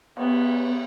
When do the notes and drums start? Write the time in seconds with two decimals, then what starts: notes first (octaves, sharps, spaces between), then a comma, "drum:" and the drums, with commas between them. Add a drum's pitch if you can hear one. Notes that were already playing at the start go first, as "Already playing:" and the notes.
0.17 B3, drum: cymbal